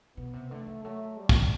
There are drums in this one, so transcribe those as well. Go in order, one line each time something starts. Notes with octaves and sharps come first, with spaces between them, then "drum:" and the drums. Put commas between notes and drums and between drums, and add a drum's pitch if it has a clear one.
B2 B3
C3
D3 A3
E3
F#3 A3
G3
drum: kick